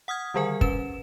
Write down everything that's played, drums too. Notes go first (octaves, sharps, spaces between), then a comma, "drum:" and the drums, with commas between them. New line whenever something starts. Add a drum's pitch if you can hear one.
F#5 D#6 F6 G#6
D3 D#3 G3 G#4 A#4 G#5
C#4 B4 E7, drum: kick